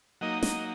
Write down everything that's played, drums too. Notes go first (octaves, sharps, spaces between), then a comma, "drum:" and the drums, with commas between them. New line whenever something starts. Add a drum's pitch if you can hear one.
F#3 A#3 D#4 D#5
D#5, drum: snare